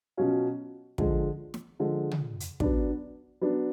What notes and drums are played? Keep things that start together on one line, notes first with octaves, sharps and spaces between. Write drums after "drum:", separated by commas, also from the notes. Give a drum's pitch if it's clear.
B2 F#3 C#4 F4
D3 F3 G#3, drum: kick
drum: snare
D3 F3 G#3
drum: tom
drum: hi-hat
F#3 B3 D4, drum: kick
F#3 B3 D4